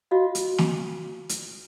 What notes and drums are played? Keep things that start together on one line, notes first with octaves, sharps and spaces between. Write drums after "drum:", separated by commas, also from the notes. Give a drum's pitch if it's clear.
F4 F#4 D#5 F5
drum: hi-hat
drum: snare
drum: hi-hat